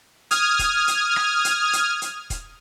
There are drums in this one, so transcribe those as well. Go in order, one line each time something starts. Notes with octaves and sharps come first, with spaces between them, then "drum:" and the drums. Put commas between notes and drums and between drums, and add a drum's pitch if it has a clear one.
D#6 F6 G#6, drum: hi-hat
drum: kick, hi-hat
drum: hi-hat
drum: rim click
drum: hi-hat
drum: hi-hat
drum: hi-hat
drum: kick, hi-hat